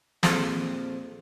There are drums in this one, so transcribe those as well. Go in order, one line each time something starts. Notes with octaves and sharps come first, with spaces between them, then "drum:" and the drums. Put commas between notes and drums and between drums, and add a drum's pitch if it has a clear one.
A#1 F2 F5 C6, drum: snare